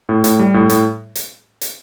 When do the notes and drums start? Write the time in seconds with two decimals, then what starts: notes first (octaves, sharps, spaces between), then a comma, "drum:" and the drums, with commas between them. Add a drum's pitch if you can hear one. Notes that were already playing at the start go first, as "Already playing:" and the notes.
0.09 A2
0.24 A2, drum: hi-hat
0.39 G3
0.54 A2
0.69 A2, drum: hi-hat
1.15 drum: hi-hat
1.61 drum: hi-hat